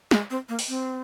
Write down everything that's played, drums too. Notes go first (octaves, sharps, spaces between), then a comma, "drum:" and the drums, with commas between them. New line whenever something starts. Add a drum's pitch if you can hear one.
G#3, drum: snare
C4
A#3
drum: open hi-hat
C4